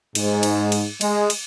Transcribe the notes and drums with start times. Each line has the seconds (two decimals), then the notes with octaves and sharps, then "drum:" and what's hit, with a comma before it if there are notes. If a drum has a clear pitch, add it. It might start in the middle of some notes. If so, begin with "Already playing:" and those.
0.15 G#2, drum: cymbal
0.43 drum: cymbal
0.72 drum: cymbal
1.01 G#3, drum: cymbal
1.30 drum: cymbal